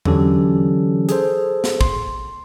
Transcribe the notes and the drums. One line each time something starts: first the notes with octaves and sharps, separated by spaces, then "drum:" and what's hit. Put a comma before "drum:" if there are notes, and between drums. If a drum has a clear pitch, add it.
D3 E3 F#3 C#4 G4 A4, drum: tom E2
G#4 A4 C5, drum: hi-hat
drum: snare
C6, drum: kick